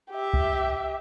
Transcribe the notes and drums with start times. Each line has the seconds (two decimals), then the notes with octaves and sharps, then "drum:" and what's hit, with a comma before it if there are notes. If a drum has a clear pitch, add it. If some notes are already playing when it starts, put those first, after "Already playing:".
0.11 G4 E5
0.34 drum: kick C2